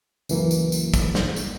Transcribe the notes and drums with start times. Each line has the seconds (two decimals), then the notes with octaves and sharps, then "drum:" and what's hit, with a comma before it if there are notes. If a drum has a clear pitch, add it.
0.29 C#2 F#2 E3 F#3 A#3, drum: tambourine
0.51 drum: tambourine
0.72 drum: tambourine
0.94 drum: kick, tambourine
1.15 drum: snare
1.36 drum: tambourine